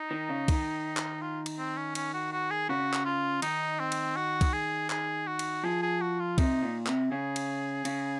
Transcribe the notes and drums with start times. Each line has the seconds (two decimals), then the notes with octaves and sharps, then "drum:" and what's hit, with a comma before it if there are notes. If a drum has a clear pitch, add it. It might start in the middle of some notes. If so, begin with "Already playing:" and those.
Already playing: D#4
0.11 D#3
0.29 C#3
0.48 D#3, drum: kick, cymbal
0.97 drum: clap
1.21 F4
1.46 drum: cymbal
1.58 C4
1.77 C#4
1.95 C#4, drum: cymbal
2.14 F#4
2.33 F#4
2.50 G#4
2.69 C#3 F#4
2.94 drum: clap
3.05 F4
3.42 D#3 D#4, drum: cymbal
3.80 C4
3.92 drum: cymbal
4.16 F#4
4.41 drum: kick, cymbal
4.53 G#4
4.90 G#4, drum: clap
5.27 F#4
5.39 drum: cymbal
5.64 F3 G#4
5.82 G#4
6.01 F#4
6.20 F4
6.38 C3 D#4, drum: kick, cymbal
6.62 A#2
6.87 C3, drum: clap
7.11 C#3 G#4
7.36 drum: cymbal
7.85 C#3, drum: cymbal